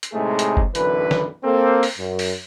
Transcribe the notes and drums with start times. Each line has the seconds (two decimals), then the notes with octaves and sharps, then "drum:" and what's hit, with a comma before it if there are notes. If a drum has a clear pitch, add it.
0.03 drum: hi-hat
0.14 A2 C3 G#3 A3 D#4 G#4
0.39 drum: hi-hat
0.57 drum: kick F#1
0.75 B1 F#2 D3 E3 B4, drum: hi-hat
1.11 drum: snare
1.43 A#3 C4 A4
1.83 drum: open hi-hat
1.98 F#2
2.19 drum: open hi-hat